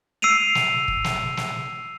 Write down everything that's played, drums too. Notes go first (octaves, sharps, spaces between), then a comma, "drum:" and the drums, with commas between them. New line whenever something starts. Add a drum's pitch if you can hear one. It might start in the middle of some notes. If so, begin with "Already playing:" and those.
E6 C7 D7 D#7 F7
drum: snare
drum: kick
drum: snare
drum: snare